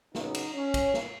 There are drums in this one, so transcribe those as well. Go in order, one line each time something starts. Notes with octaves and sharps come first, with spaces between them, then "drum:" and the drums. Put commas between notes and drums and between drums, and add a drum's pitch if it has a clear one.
C#3 F#3 B3 D#4, drum: snare
drum: cymbal
C#4
drum: kick, cymbal
drum: snare